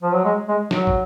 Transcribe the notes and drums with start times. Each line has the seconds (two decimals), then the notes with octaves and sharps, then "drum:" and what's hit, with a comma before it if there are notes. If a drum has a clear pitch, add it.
0.03 F3
0.14 F#3
0.25 G#3
0.49 G#3
0.71 F#3, drum: snare
0.87 drum: kick